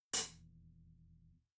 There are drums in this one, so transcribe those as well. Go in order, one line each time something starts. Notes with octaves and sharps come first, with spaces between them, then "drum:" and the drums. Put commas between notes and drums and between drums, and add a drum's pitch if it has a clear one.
D#1 E2, drum: hi-hat